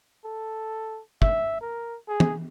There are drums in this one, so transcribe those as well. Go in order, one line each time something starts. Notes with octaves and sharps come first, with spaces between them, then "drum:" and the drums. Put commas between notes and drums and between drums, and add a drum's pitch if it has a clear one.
A4
E5, drum: kick
A#4
G#4
drum: tom